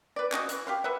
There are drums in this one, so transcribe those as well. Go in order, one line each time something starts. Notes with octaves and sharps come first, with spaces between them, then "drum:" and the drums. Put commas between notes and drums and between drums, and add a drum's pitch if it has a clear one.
B4 D5
C#4 F#4 D#5, drum: clap
E3, drum: hi-hat
G4 F5 C6
B4 E5 F#5